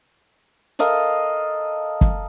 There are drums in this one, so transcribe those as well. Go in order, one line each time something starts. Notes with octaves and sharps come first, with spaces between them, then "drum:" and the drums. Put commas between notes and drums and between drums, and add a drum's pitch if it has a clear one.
A4 A#4 D#5 F5, drum: hi-hat
drum: kick